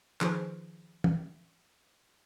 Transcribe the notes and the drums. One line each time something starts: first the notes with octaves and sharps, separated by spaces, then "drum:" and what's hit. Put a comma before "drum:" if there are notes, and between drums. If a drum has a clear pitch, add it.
D#3 F3 G#4 B4 C5, drum: clap
drum: tom